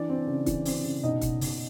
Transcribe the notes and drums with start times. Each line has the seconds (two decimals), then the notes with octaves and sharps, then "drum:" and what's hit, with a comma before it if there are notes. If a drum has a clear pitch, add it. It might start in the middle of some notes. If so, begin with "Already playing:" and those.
Already playing: E3 D4 D5
0.09 C4
0.27 C#3
0.46 E3, drum: kick, hi-hat
0.65 C4, drum: open hi-hat
0.84 C#3
1.03 B2 D#4 D#5
1.21 B2, drum: kick, hi-hat
1.41 B2, drum: open hi-hat